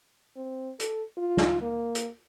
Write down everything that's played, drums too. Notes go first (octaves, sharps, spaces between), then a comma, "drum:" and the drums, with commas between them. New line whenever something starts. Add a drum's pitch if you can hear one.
C4
A4, drum: hi-hat
F4
drum: snare
A#3
drum: hi-hat